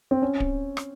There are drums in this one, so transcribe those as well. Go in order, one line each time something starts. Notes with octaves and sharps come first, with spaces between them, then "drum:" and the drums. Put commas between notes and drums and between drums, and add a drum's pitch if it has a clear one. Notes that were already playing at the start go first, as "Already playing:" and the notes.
C4
C#4
drum: kick D1
drum: rim click